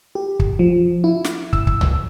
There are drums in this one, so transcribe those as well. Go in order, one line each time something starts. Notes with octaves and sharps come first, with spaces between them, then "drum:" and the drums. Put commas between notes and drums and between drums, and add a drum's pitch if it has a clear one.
G4
drum: kick
F3
E4
drum: snare
E6, drum: kick
drum: kick
drum: tom C2